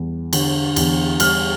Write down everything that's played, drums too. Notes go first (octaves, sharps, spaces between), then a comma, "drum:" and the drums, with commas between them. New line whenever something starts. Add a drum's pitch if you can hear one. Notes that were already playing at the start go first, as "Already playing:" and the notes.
Already playing: E2 G3
D3, drum: cymbal
E2, drum: cymbal
G3 F6, drum: cymbal